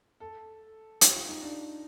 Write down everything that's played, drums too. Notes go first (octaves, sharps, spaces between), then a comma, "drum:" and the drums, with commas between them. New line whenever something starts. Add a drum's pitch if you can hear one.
A4
G4, drum: hi-hat
F4
D#4
D4